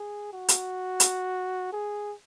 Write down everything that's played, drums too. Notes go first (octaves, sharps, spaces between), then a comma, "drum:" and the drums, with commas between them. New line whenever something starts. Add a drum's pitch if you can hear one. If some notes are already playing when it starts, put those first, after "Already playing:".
Already playing: G#4
F#4
drum: hi-hat
drum: hi-hat
G#4